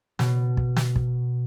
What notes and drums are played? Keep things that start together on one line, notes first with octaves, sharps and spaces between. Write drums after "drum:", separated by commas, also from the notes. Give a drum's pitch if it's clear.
B2, drum: snare
drum: kick
drum: snare
drum: kick